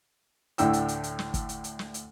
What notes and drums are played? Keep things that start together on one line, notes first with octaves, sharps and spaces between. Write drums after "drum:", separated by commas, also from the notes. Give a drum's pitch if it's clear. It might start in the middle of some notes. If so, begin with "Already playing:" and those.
D2 A2 D3 G5 E6, drum: hi-hat
drum: hi-hat
drum: hi-hat
drum: hi-hat
drum: snare
drum: kick, hi-hat
drum: hi-hat
drum: hi-hat
drum: snare
drum: hi-hat